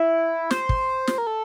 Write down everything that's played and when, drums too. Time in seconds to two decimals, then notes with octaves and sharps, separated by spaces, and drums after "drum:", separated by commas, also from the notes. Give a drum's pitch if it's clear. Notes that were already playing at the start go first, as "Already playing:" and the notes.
Already playing: E4
0.51 C5, drum: snare
0.69 drum: kick
1.07 drum: snare
1.18 A#4
1.27 A4